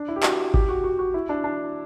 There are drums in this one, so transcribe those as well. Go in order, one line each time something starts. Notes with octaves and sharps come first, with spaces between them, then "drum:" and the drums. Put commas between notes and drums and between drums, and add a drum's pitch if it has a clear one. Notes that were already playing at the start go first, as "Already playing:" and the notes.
Already playing: D4
E4
G4
F#4, drum: clap
G4, drum: kick G#1
F#4
F#4
F#4
E4
D4
D4